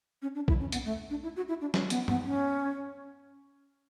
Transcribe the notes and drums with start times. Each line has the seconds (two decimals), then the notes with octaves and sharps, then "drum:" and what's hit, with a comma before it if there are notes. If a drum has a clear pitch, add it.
0.22 C#4
0.35 D4
0.48 E4, drum: kick
0.60 C#4
0.72 B3, drum: hi-hat
0.85 A3
1.10 D4
1.23 E4
1.36 F#4
1.49 E4
1.61 D4
1.74 C#4, drum: snare
1.90 B3, drum: hi-hat
2.08 B3, drum: tom G2
2.24 C#4